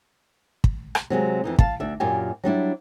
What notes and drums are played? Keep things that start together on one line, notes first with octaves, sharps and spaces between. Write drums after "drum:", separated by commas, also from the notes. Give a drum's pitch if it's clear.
drum: kick
drum: rim click
C3 F#3 G#3 C4
F2 E3 D#4
F5 A5, drum: kick
D2 D4 E5
F#2 A#2 F4 G4 A#4 G#5
F#3 G3 D4 E4